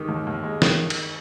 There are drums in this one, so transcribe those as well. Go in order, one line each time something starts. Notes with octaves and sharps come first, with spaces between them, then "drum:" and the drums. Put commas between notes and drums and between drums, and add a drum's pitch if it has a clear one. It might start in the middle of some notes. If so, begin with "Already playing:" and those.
Already playing: D#3 G#3 G4
D#2
D#2
G#3
D#3, drum: snare
drum: cymbal